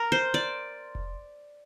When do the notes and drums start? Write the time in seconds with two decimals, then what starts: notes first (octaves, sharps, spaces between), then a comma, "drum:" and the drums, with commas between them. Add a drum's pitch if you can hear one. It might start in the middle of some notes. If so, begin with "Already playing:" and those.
Already playing: A#4
0.12 C5
0.34 D5
0.95 drum: kick F1